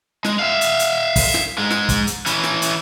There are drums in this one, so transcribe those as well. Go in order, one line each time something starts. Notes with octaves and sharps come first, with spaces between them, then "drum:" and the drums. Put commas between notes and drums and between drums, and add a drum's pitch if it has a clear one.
G#3, drum: snare
E5 F5
drum: hi-hat
drum: hi-hat
drum: kick, open hi-hat
drum: snare
G#2 G#3
drum: snare
drum: kick, hi-hat
drum: hi-hat
E3 C#4, drum: hi-hat
drum: snare
drum: hi-hat